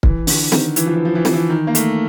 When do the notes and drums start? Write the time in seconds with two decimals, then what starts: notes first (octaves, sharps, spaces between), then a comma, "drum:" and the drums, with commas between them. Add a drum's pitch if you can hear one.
0.03 E3, drum: kick
0.27 D3, drum: open hi-hat
0.52 D#3, drum: snare
0.76 E3, drum: hi-hat
0.86 F3
0.95 E3
1.05 F3
1.15 E3
1.25 F3, drum: snare
1.34 E3
1.50 D#3
1.67 A#3
1.75 A3, drum: hi-hat